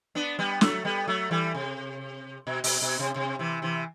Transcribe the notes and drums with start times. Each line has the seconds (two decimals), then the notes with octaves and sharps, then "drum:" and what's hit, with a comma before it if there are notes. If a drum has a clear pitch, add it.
0.15 B3 D4
0.39 G3 B3
0.61 F#3 A3, drum: snare
0.85 G3 B3
1.07 F#3 A3
1.31 E3 G3
1.55 C3
2.47 B2
2.64 B2, drum: open hi-hat
2.82 B2
2.99 C3
3.16 C3
3.39 C3 E3
3.62 C3 E3